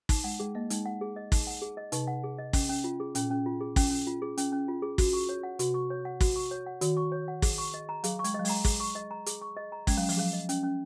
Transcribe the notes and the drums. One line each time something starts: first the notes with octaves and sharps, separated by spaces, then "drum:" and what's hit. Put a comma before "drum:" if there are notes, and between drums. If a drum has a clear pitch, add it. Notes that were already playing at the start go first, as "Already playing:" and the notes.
D#4, drum: kick, open hi-hat
G#3 F#5
G#3 G#4
A#3 D#5
G#3 D#4, drum: hi-hat
F#5
G#4
D#5
D#4, drum: kick, open hi-hat
F#5
G#4
D#5
C3 D#4, drum: hi-hat
F#5
G#4
D#5
C#4, drum: kick, open hi-hat
C#4
F4
G#4
A#2 C#4, drum: hi-hat
C#4
F4
G#4
C#4, drum: kick, open hi-hat
C#4
F4
G#4
C#4, drum: hi-hat
C#4
F4
G#4
F#4, drum: kick, open hi-hat
C#6
C#5
F#5
C3 F#4, drum: hi-hat
C#6
C#5
F#5
F#4, drum: kick, open hi-hat
C#6
C#5
F#5
D#3 F#4, drum: hi-hat
C#6
C#5
F#5
G#4, drum: kick, open hi-hat
C#6
D#5
A#5
F#3 G#4, drum: hi-hat
C#6
G#3, drum: hi-hat
D#5
F#3
G#3 A#5, drum: open hi-hat
G#4, drum: kick, open hi-hat
C#6
D#5
A#5
G#4, drum: hi-hat
C#6
D#5
A#5
G#3 C#4, drum: kick, open hi-hat
F#3 C#4
F3, drum: open hi-hat
F#3 G#4
D#5
C#4, drum: hi-hat
C#4